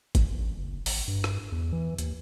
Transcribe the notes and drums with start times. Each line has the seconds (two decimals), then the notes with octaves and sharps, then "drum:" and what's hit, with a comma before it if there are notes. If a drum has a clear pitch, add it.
0.15 A1, drum: kick, hi-hat
0.57 F#1
0.86 G#1, drum: open hi-hat
1.08 G2
1.24 drum: rim click
1.52 E2
1.72 E3
1.98 D#2, drum: hi-hat